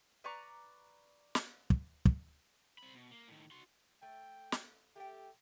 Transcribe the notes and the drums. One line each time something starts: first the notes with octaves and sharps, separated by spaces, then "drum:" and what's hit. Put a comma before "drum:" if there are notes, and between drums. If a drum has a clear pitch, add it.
B4 D5 A#5 C#6
drum: snare
drum: kick
drum: kick
C4 B5
B2
A#3
A2 D#3
F#4 C6
A3 G5
drum: snare
A3 G4 G5